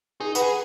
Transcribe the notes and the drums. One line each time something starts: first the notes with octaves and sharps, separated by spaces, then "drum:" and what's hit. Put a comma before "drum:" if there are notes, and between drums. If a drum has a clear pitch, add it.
D#4 G#4
F#4 B4, drum: tambourine
G#4